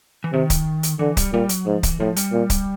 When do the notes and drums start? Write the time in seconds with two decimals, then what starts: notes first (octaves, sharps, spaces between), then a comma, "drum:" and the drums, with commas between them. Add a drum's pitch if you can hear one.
0.24 E3
0.33 C3 D#3
0.50 drum: kick C#1, hi-hat
0.83 drum: hi-hat
0.99 D3 E3
1.17 G3, drum: kick C#1, hi-hat
1.33 A#2 G3
1.49 F#3, drum: hi-hat
1.66 G#2 F3
1.83 E3, drum: kick C#1, hi-hat
2.00 A2 F3
2.16 G3, drum: hi-hat
2.33 A#2
2.50 drum: kick C#1, hi-hat